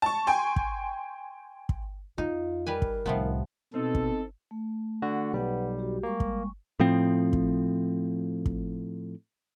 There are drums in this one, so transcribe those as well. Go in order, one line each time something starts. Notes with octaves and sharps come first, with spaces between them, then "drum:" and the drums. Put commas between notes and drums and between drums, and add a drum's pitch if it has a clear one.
A5 C#6
G5 G#5 C6 C#6
drum: kick
drum: kick
F2 D#4 F4
G3 A#4 B4 G#5
drum: kick
C2 A2 C3 D#3 F3 B3
B2 C4 D#4 A4
drum: kick
A3
D3 F#4
B1 G3 B4 F#5
F#4 G4
G3 G#3 A#3 C#6
drum: kick
A2 F3 C4
drum: kick
drum: kick